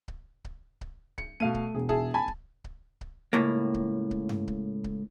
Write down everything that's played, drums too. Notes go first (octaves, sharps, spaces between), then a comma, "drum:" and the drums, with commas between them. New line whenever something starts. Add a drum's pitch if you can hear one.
drum: kick C#1
drum: kick C#1
drum: kick C#1
C#7, drum: kick C#1
B2 A3 F5 D#7
drum: kick C#1
E1 G#4
E4 G#4 A5, drum: kick C#1
G#5 A5 B5
drum: kick C#1
drum: kick C#1
drum: kick C#1
C#2 A2 A#3
drum: kick C#1
drum: kick C#1
drum: tom G2
drum: kick C#1
drum: kick C#1